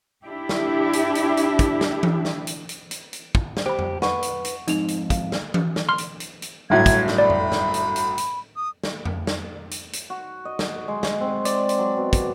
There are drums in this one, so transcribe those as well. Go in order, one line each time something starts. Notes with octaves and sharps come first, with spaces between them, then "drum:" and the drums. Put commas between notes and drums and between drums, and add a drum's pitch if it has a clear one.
D4 E4 G4
drum: snare
drum: hi-hat
drum: hi-hat
drum: hi-hat
drum: kick, hi-hat
drum: snare
drum: tom E3
drum: snare
drum: hi-hat
drum: hi-hat
drum: hi-hat
drum: hi-hat
drum: kick
drum: snare
G4 C5 B5
drum: tom F2
B4 F#5 C#6, drum: snare
drum: hi-hat
drum: hi-hat
F2 G#2 D#4 F7, drum: hi-hat
drum: hi-hat
F5, drum: kick, hi-hat
drum: snare
drum: tom E3
drum: snare
C6 F6
drum: hi-hat
drum: hi-hat
drum: hi-hat
G1 A2 F#3 G#6
drum: kick, hi-hat
drum: snare
D5 B5
drum: tom F2
drum: snare
drum: hi-hat
drum: hi-hat
drum: hi-hat
D#6
drum: snare
drum: tom F2
drum: snare
drum: hi-hat
drum: hi-hat
F#4
D#5
drum: snare
G#3
drum: snare
C4
D5, drum: hi-hat
drum: hi-hat
F#3
B2
drum: kick, hi-hat